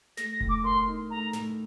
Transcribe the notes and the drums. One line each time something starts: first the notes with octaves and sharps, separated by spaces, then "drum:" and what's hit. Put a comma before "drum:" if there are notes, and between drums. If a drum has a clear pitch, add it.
A3 A#6, drum: snare
A#6
A2, drum: kick F1
D6
A#4 C6
D#4
A3 A#5
A2, drum: snare